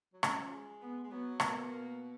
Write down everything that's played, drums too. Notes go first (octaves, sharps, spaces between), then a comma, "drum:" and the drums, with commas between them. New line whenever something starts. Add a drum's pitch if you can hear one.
F#3
G#3 C#4, drum: rim click
F#3
F3
G#3
B3
G#3
F#3 B3
B2 A#3, drum: rim click
A#3